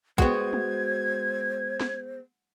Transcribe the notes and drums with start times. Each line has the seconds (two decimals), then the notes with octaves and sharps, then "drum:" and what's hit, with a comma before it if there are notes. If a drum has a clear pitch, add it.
0.18 G#3 B3 F#4 C5 G#6, drum: kick
0.53 drum: tom
1.81 drum: snare